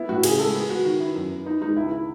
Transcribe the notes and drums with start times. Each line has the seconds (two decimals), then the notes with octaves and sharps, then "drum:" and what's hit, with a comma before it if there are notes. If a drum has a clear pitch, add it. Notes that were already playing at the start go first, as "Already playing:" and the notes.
Already playing: B3 E4
0.09 A2 F#4
0.23 C#3 G#4, drum: cymbal
0.38 G#3 A4
0.54 B3 G#4
0.69 B3 F#4
0.85 D#3 F#4
1.00 B3 E4
1.15 F#2
1.31 B3
1.46 B3 D#4
1.62 G#3 D#4
1.76 C#2 E4
1.92 E4